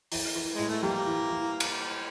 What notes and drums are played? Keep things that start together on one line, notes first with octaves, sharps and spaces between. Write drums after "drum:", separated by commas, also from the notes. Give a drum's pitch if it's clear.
E3, drum: open hi-hat
E3
A2 G#3
A3
G3 A#3
E3
E3
drum: cymbal